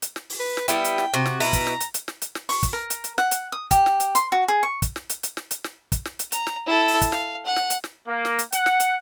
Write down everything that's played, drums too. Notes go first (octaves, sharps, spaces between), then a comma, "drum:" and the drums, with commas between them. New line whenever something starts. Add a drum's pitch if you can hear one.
drum: hi-hat
drum: snare
drum: open hi-hat
B4
drum: snare
G3 B3 E4 G5, drum: hi-hat
drum: hi-hat
drum: snare
C3 F#4
drum: snare
B2 E4 B4 A#5, drum: open hi-hat
drum: kick, hi-hat
drum: snare
drum: hi-hat
drum: hi-hat
drum: snare
drum: hi-hat
drum: snare
C#6, drum: open hi-hat
drum: kick, hi-hat
A#4
drum: hi-hat
drum: hi-hat
F#5, drum: snare
drum: hi-hat
D#6
G4, drum: kick, hi-hat
drum: snare
drum: hi-hat
C6, drum: hi-hat
F#4
G#4
C#6
drum: kick, hi-hat
drum: snare
drum: hi-hat
drum: hi-hat
drum: snare
drum: hi-hat
drum: snare
drum: kick, hi-hat
drum: snare
drum: hi-hat
A#5, drum: hi-hat
drum: snare
E4 A4
drum: open hi-hat
drum: kick, hi-hat
F5, drum: snare
F#5
drum: snare
drum: hi-hat
drum: snare
A#3
drum: snare
drum: hi-hat
F#5, drum: hi-hat
drum: snare
drum: hi-hat